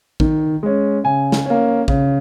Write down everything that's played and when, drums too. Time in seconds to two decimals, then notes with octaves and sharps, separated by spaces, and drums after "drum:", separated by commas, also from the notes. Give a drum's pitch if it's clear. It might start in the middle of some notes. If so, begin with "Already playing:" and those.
0.20 D#3, drum: kick
0.63 G#3 C#4
1.04 C#3 G#5
1.32 drum: snare
1.46 A#3 C#4
1.88 C#3, drum: kick